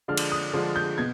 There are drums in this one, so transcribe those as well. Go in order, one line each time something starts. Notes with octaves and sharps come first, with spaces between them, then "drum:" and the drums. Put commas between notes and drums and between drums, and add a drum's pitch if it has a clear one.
D3 F3 G#3 D4 F6
drum: cymbal
D#6
D3 F3 G#3 D4
G6
B2 G#6